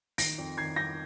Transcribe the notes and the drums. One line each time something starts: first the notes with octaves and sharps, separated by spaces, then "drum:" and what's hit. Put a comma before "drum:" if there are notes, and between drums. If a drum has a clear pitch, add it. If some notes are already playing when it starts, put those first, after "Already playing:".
D#3 A#6 D7, drum: open hi-hat
F2
D#3 G#6 C7
F2 G6 A#6